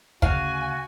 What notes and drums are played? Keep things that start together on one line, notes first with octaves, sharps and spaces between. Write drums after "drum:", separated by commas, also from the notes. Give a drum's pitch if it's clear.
D2 C#3 F#4 F5 G#5, drum: kick